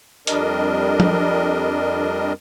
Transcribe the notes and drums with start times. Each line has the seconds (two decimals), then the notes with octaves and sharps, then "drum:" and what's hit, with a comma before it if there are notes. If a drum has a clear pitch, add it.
0.27 F2 G3 D4 A#4 D#5, drum: hi-hat
1.00 drum: tom F3